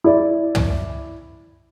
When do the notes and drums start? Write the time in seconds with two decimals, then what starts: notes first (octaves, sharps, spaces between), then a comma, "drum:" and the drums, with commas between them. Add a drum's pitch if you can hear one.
0.04 E4 D5
0.55 drum: tom